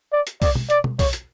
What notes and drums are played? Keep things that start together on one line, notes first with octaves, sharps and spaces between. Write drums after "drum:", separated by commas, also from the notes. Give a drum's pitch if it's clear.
D5
drum: hi-hat
D5, drum: kick, open hi-hat
drum: tom B2
D5, drum: hi-hat
drum: tom B2
C#5, drum: kick, open hi-hat
drum: hi-hat